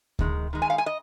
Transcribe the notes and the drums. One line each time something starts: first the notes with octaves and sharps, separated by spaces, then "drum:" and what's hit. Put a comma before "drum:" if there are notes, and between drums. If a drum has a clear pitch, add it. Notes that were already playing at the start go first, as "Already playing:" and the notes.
D#3 G#3, drum: kick D2
D#3 G#3
G#5
F5
G#5
D#5